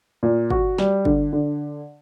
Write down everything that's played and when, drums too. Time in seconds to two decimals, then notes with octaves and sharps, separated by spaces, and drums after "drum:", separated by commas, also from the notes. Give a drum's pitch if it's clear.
0.23 A#2
0.50 F#4, drum: kick G1
0.78 G3, drum: snare
1.05 D3, drum: kick G1
1.33 D3